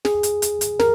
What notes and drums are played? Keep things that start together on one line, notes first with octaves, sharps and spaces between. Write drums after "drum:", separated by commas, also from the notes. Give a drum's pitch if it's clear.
G#4, drum: snare
drum: hi-hat
drum: hi-hat
drum: hi-hat
A#4, drum: snare